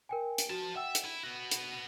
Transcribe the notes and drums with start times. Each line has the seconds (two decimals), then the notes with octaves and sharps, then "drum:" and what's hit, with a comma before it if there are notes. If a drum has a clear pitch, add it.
0.09 A#4 G5 G#5
0.38 drum: hi-hat
0.50 F3 F#4 A5
0.76 E5 F#5 G5 E6
0.95 drum: hi-hat
1.05 E4 D#7
1.23 B3 F#4
1.51 drum: hi-hat